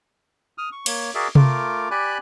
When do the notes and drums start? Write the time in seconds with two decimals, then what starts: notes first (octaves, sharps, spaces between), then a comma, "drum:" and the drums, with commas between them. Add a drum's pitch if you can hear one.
0.58 D#6 F6
0.72 C#6
0.86 A#3 C#5, drum: cymbal
1.15 F#4 G#4 A#4 D5 E5
1.35 A3 F4 A#4 D6, drum: tom C3
1.91 G4 D5 G#5 B5 F#6